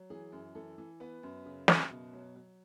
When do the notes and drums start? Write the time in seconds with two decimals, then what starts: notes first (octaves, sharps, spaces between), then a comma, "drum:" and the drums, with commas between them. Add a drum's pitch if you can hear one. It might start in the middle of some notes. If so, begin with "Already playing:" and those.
Already playing: F#3
0.10 E3 G#4
0.32 F#2
0.55 E3 A4
0.78 E3
1.00 B3 B4
1.23 F#2
1.46 C#3
1.68 F#2, drum: snare
1.91 B2
2.13 F#3
2.36 F#3